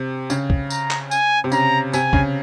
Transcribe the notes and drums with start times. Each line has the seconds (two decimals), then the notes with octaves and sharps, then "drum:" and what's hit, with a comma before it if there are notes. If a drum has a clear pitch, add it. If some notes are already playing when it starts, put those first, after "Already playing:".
Already playing: C3
0.30 C#3, drum: tambourine
0.50 drum: kick
0.70 A#5, drum: tambourine
0.91 drum: clap
1.11 G#5, drum: tambourine
1.44 C3
1.52 C#3 A#5, drum: tambourine
1.93 C3 G#5, drum: tambourine
2.13 C#3, drum: kick